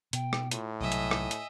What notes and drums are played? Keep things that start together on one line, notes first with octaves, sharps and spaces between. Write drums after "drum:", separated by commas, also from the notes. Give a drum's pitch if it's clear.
B2 G5, drum: hi-hat
drum: rim click
A2 F4, drum: hi-hat
C2 C3 F#3 D#5 E5 G#5
drum: hi-hat
drum: rim click
drum: hi-hat